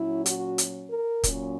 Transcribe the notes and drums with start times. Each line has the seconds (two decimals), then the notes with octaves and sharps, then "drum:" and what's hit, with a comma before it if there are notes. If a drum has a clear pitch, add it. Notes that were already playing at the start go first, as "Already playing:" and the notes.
Already playing: A#2 F#3 C#4 E4
0.26 F#4, drum: hi-hat
0.58 drum: hi-hat
0.90 A#4
1.24 A#2 F#3 C#4, drum: kick, hi-hat